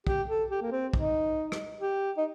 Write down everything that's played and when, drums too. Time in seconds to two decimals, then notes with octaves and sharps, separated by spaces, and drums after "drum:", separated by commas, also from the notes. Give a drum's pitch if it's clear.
0.07 G4, drum: kick
0.29 A4
0.50 G4
0.62 A#3
0.72 C4
0.93 D#4, drum: kick
1.52 drum: rim click
1.81 G4
2.17 D#4